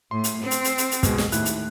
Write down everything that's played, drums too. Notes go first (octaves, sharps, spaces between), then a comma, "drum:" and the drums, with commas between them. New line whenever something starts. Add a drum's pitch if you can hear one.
A2 C6
drum: hi-hat
C4
drum: hi-hat
drum: hi-hat
drum: hi-hat
drum: hi-hat
B2 G#3, drum: kick, hi-hat
drum: snare
D#2 A2 E4 F#6, drum: hi-hat
drum: hi-hat